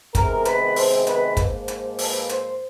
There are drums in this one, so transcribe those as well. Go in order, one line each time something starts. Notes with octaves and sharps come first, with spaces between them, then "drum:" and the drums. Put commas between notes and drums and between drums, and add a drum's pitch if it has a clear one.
C3 D#3 G#3 B3 A#4, drum: kick, hi-hat
B4, drum: hi-hat
C5, drum: open hi-hat
B4, drum: hi-hat
G#2 F3 A#3, drum: kick, hi-hat
drum: hi-hat
B4, drum: open hi-hat
C5, drum: hi-hat